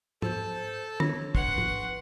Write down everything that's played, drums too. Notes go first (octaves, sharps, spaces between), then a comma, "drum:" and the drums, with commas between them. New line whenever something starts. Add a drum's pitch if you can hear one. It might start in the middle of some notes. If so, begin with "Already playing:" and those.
A4 C5 A5, drum: tom G#2
D4 C#5, drum: tom
B4 F#5 C6 C#6, drum: kick
drum: tom G#2